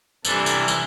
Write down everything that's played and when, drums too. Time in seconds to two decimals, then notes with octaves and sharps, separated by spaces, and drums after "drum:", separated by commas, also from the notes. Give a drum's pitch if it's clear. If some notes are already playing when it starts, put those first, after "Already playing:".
0.25 C3 E3 G3 D4 A4, drum: tambourine
0.46 drum: tambourine
0.68 drum: tambourine